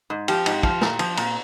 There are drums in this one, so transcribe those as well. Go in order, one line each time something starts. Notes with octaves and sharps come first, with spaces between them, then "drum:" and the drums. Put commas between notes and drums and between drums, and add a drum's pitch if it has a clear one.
G#2
F3 G4, drum: cymbal
G#2, drum: cymbal
F3, drum: kick
A#2, drum: snare
F3, drum: cymbal
A#2, drum: cymbal